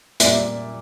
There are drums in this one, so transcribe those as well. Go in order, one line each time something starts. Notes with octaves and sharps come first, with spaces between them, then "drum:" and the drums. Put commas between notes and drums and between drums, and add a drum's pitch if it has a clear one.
A#2 G3 A#3 D5 E5, drum: hi-hat